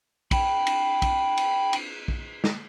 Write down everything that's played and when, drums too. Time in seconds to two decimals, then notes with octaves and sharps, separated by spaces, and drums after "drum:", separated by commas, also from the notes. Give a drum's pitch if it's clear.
0.31 G5 B5, drum: kick, cymbal
0.67 drum: cymbal
1.02 drum: kick, cymbal
1.37 drum: cymbal
1.73 drum: cymbal
2.08 drum: kick
2.44 drum: snare